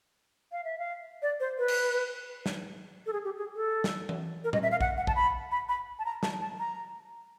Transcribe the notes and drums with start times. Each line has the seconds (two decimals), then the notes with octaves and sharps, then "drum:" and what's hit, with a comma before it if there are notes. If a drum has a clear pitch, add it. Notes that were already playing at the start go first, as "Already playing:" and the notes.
0.52 F5
0.64 E5
0.79 F5
1.22 D5
1.40 C5
1.58 B4
1.68 drum: cymbal
2.46 drum: snare
3.06 A4
3.13 G#4
3.25 G4
3.37 G#4
3.56 A4
3.84 drum: snare
4.09 drum: tom E3
4.44 A#4
4.53 D#5, drum: tom A#2
4.63 E5
4.71 F5
4.81 F#5, drum: kick A#1
4.97 F#5
5.07 A5, drum: kick A#1
5.16 B5
5.52 B5
5.69 B5
5.99 A5
6.05 A#5
6.23 A5, drum: snare
6.41 A5
6.59 A#5